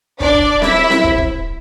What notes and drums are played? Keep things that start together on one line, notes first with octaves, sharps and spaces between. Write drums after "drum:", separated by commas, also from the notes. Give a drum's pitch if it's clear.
D4 D5, drum: kick
drum: kick
E4 E5, drum: snare C4
drum: snare C4
drum: kick
drum: kick